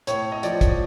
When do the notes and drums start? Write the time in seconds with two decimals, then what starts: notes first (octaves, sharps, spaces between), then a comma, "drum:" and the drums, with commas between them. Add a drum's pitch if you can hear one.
0.07 A2 C#5, drum: hi-hat
0.32 D#5
0.43 F3 D5, drum: hi-hat
0.61 drum: kick, hi-hat